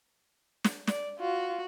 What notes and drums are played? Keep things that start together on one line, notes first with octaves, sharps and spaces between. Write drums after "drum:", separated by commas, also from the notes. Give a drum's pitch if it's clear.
drum: snare
D5, drum: snare
F4 F#4